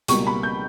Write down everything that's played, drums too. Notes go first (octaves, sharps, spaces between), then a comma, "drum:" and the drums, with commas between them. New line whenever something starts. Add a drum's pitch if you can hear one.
C#2 B2 G3 A#3 C#6, drum: hi-hat
B5
G6